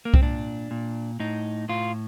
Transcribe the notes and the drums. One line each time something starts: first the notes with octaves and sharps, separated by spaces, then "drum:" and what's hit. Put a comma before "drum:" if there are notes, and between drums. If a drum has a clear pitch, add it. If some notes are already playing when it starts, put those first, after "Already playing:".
A#3
C4, drum: kick C2
A#2 D4
A#2
A2 D#4
A2 F4